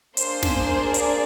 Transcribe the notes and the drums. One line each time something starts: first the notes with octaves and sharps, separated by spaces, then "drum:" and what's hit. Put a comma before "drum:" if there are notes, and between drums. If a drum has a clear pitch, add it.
A#3 D4 G#4 C5, drum: hi-hat
drum: snare
D5, drum: hi-hat